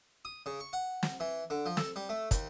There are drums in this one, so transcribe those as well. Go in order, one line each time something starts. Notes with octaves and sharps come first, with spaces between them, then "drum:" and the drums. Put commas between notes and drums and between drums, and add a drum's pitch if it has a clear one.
D#6
C#3
C#6
F#5
drum: snare
E3
D3
F3
A4, drum: snare
G3
A3
D#2, drum: kick, hi-hat